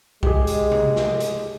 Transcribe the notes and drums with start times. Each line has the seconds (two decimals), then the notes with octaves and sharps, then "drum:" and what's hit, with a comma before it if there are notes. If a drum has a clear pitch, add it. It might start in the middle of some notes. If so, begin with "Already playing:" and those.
0.23 G#3 G4 G#4, drum: kick B1
0.47 drum: hi-hat
0.72 drum: tom C3
0.96 drum: snare
1.20 drum: hi-hat